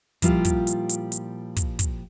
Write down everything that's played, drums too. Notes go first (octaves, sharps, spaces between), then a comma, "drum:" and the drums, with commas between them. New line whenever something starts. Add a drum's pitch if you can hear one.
A#2 F3 G3 E4 F4 G4, drum: kick, hi-hat
drum: kick, hi-hat
drum: hi-hat
drum: hi-hat
drum: hi-hat
drum: kick, hi-hat
drum: kick, hi-hat